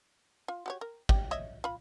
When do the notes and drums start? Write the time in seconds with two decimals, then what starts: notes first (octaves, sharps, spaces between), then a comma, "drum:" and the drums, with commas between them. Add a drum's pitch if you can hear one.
0.48 F4
0.66 F#4 G4 C#5
0.81 A#4
1.09 G4 G5, drum: kick G#1
1.31 C#5 D#5 E5
1.64 F4 B5